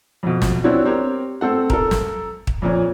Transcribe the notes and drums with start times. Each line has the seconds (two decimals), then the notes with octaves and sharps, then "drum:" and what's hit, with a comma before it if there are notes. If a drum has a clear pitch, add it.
0.23 F2 B2
0.42 drum: snare
0.64 B3 C4 D4 E4 F#4 C#5
0.85 C4 G4 A#4 C#5
1.41 A3 C4 A4 F#5
1.70 A4 A#4, drum: kick
1.91 drum: snare
2.47 drum: kick
2.62 F2 A#2 C#4